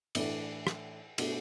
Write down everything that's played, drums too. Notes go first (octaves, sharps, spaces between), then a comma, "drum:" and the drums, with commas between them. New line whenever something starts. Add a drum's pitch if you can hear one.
A2 E3 A3 D4, drum: cymbal
drum: rim click
B2 A3 D4 F#4, drum: cymbal